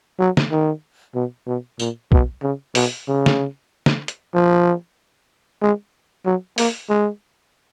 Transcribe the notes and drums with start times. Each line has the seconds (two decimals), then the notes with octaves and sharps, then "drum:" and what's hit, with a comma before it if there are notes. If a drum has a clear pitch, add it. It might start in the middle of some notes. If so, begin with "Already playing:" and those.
0.20 F#3
0.37 drum: snare
0.52 D#3
1.15 B2
1.47 B2
1.79 A#2, drum: tambourine
2.12 B2, drum: kick B1
2.42 C#3
2.75 B2, drum: open hi-hat
3.07 C#3
3.26 drum: snare
3.86 drum: snare
4.08 drum: hi-hat
4.34 F3
5.62 G#3
6.25 F#3
6.58 A#3, drum: open hi-hat
6.89 G#3